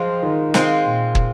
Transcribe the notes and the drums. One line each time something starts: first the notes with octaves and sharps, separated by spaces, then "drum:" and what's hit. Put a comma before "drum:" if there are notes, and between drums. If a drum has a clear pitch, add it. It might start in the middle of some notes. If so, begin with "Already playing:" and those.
Already playing: F3 G#3 C4 F4
D#3
G#3 C4 F4, drum: snare
A#2
drum: kick